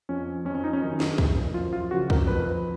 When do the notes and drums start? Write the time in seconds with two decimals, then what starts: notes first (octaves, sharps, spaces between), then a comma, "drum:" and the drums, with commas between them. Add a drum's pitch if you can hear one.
0.09 F2 F3 C#4
0.45 F2 F3 C#4
0.55 C#4
0.64 D#4
0.73 C#4
0.82 F#2 D#3 D#4
1.00 drum: snare
1.18 A#2 F3, drum: kick
1.54 F#2 F3 F4
1.73 F4
1.91 F#2 C#3 F3 F#4
2.10 A#4, drum: kick
2.27 F2 F3 B4